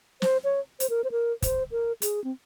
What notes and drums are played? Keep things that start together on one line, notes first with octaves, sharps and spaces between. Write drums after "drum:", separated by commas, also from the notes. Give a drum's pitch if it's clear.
C5, drum: snare
C#5
C5, drum: hi-hat
A#4
C5
A#4
C5, drum: kick, hi-hat
A#4
G#4, drum: hi-hat
C4